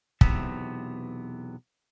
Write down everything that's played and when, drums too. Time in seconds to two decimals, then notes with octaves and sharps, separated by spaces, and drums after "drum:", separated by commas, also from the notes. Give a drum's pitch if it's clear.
0.21 B1 E2 G#2 C3 B3 E5, drum: kick